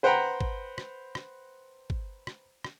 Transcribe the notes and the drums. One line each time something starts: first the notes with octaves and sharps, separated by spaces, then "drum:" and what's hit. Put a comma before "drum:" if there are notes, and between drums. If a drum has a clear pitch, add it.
B4 C5 F#5 G5 A#5 B5
drum: kick
drum: rim click
drum: rim click
drum: kick
drum: rim click
drum: rim click